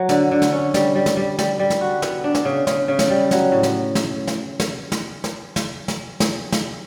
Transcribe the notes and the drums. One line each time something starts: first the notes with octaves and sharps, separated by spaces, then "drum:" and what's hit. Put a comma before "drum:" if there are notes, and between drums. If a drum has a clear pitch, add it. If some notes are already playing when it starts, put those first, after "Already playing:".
Already playing: F#3
D3, drum: snare
D3
drum: snare
C#4
G3, drum: snare
G3
drum: snare
G3
G3, drum: snare
G3
drum: snare
F#4
B3, drum: snare
D4
drum: snare
C#3
C#3, drum: snare
C#3
drum: snare
G3
F#3, drum: snare
A2
drum: snare
drum: snare
drum: snare
drum: snare
drum: snare
drum: snare
drum: snare
drum: snare
drum: snare
drum: snare